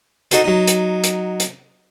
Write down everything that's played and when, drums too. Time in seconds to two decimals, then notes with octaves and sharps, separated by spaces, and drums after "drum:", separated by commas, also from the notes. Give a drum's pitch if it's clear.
0.31 D#4 F#4 A4 C5, drum: hi-hat
0.44 F#3 D#4
0.67 drum: hi-hat
1.04 drum: hi-hat
1.40 drum: hi-hat